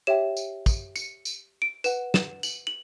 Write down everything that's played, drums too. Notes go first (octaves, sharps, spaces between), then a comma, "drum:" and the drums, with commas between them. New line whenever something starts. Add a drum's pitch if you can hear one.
G4 C#5 E5 G5 E7
drum: tambourine
drum: kick, tambourine
C#7, drum: tambourine
drum: tambourine
D7
B4 F#5 E7, drum: tambourine
E7, drum: snare
F#7, drum: tambourine
F#7